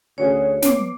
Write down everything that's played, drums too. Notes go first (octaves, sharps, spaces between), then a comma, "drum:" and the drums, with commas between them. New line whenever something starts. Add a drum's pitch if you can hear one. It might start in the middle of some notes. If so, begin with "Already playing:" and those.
D2 C#4 F#4 G#4 C#5
B3 D6 C7 D7, drum: snare